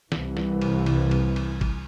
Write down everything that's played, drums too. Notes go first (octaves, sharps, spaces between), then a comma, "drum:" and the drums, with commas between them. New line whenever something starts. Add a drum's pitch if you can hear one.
C2 E3, drum: snare
drum: snare
drum: cymbal
drum: cymbal
drum: cymbal
drum: cymbal
drum: kick G#1, cymbal